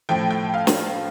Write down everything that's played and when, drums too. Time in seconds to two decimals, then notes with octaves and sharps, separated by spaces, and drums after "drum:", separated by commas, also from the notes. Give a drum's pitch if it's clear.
0.09 A2 F3 A3 G5
0.31 G5
0.54 F5
0.67 drum: snare